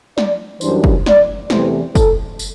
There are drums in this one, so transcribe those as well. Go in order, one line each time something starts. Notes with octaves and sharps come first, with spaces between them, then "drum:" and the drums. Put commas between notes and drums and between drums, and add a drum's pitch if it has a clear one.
D5, drum: snare
F#2 E3 G3 D4 C5, drum: tambourine
drum: kick
D5, drum: snare
E2 C3 E3 A3 C4 C5, drum: snare
A4, drum: kick, tambourine
drum: tambourine